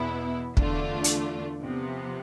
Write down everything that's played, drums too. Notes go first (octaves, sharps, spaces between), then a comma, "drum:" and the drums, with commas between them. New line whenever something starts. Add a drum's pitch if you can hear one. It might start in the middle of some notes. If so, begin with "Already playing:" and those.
Already playing: E2 B2 B3 E4
E2 D3 A3 D4 F4, drum: kick
drum: hi-hat
C3 F3 B3